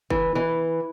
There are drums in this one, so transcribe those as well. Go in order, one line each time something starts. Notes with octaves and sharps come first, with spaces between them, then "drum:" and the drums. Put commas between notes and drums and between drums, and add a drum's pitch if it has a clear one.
E3, drum: kick F#1
E3